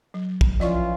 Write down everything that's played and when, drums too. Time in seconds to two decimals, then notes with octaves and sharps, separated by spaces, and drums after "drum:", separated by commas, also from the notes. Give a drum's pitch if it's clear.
0.14 F#3
0.41 drum: kick
0.60 E3 F3 C#4 F4 D5 C#6